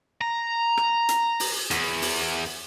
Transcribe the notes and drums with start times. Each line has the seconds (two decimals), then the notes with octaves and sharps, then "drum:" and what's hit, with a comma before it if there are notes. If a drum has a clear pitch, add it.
0.21 A#5
0.77 drum: rim click
1.09 drum: hi-hat
1.40 drum: open hi-hat
1.71 E2, drum: hi-hat
2.02 drum: open hi-hat